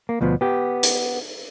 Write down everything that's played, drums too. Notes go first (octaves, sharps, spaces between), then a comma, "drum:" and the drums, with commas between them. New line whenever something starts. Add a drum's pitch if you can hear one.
A#3
D2 B2 F3 B3
B3 G4
drum: hi-hat